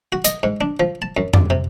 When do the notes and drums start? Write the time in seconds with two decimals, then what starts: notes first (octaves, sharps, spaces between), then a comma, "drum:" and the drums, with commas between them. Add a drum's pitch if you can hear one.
0.12 F#4
0.25 D#5, drum: hi-hat
0.43 G#2
0.61 D4
0.80 F3
1.02 A5
1.17 F#2
1.34 D5, drum: tom F2
1.50 C3